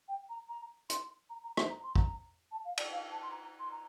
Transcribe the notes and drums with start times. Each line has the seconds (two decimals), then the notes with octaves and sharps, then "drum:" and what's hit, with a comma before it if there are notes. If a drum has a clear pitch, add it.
0.08 G5
0.29 A#5
0.49 A#5
0.90 C6, drum: hi-hat
1.30 A#5
1.43 A#5
1.57 C6, drum: rim click
1.70 A#5
1.83 C6
1.95 A#5, drum: kick
2.51 A5
2.65 F5
2.78 D5, drum: cymbal
2.92 F5
3.11 A5
3.22 C6
3.31 A#5
3.59 C6
3.71 A#5